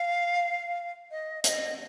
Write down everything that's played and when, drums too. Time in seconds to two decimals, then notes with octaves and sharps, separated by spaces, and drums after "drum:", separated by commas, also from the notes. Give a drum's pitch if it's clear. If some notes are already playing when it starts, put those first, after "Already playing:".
Already playing: F5
1.11 D#5
1.44 E5, drum: hi-hat
1.48 D#5